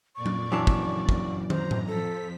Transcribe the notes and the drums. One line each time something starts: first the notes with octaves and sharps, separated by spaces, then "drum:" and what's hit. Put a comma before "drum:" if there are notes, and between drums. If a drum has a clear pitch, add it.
F2 A#2 D5 C#6
drum: tom F#3
F#2 E3 D4
drum: kick
drum: kick
C5 A#5, drum: tom
drum: tom A2
F2 F3 A4 B6